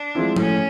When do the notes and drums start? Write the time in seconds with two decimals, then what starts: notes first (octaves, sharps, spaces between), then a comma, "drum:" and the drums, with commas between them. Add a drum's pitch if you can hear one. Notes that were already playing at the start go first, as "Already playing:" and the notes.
Already playing: D4
0.15 F3 G#3 C4 E4
0.36 A2 C#4, drum: tom F3